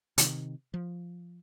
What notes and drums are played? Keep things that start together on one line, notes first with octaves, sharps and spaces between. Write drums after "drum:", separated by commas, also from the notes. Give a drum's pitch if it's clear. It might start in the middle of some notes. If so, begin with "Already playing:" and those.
C3 D#3, drum: hi-hat
F3